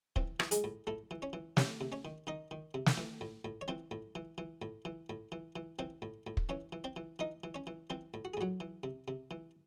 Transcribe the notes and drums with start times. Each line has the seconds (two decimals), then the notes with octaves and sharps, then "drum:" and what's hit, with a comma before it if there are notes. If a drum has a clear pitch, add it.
0.16 E3 C4 C5, drum: kick
0.40 E3, drum: rim click
0.51 G#3 G#4, drum: hi-hat
0.64 A2
0.87 A2 A3 A4
1.11 E3
1.22 C#4 C#5
1.33 E3
1.57 C3 C#4 C#5, drum: snare
1.81 C3
1.92 C#4 C#5
2.05 D#3
2.27 D#3 D#4 D#5
2.51 D#3
2.74 C3
2.86 drum: snare
2.98 E3
3.21 A2
3.45 A2
3.61 C#5
3.68 E3 C4 C5
3.91 A2
4.15 E3
4.38 E3
4.62 A2
4.85 E3
5.10 A2
5.32 E3
5.56 E3
5.79 E3 C4 C5
6.02 A2
6.27 A2
6.37 drum: kick
6.49 E3 C#4 C#5
6.72 E3
6.84 C4 C5
6.96 E3
7.19 E3 D#4 D#5
7.44 E3
7.54 C#4 C#5
7.67 E3
7.90 E3 C4 C5
8.14 A2
8.25 F#4
8.34 G#4
8.37 A2 F#3 F#4
8.60 E3
8.83 C3
9.08 C3
9.31 E3